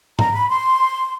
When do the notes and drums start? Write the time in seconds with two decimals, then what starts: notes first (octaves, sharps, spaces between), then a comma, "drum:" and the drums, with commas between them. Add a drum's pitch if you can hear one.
0.19 A#5, drum: tom G#2
0.34 B5
0.49 C6